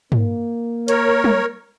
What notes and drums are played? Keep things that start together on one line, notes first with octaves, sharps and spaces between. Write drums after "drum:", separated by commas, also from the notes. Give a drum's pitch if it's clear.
A#3, drum: tom
A#4 C#5, drum: hi-hat
drum: tom